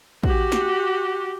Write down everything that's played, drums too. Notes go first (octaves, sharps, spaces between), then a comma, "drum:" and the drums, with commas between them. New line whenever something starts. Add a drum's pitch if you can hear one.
F#4 G4, drum: kick
drum: snare